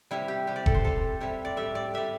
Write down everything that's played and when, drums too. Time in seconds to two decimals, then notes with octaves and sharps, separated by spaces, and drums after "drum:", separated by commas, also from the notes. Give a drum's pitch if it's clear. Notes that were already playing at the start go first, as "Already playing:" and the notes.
0.11 C3 G3 E4
0.28 G4
0.47 C3 G3 G4
0.56 D5
0.66 A4, drum: kick F1
0.74 C5
0.84 C3 G3 A4
1.20 C3 G3 E4
1.45 D5
1.57 A2 G3 E5
1.75 D5
1.94 A2 G3 E5